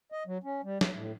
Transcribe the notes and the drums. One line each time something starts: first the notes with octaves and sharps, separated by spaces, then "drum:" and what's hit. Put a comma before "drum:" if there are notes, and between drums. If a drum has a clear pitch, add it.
D#5
F#3
C#4
G3
F#3, drum: snare
A2